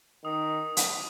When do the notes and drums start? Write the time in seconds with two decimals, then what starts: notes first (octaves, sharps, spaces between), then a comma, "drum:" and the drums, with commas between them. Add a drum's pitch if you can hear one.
0.24 D#3 D#6
0.77 drum: hi-hat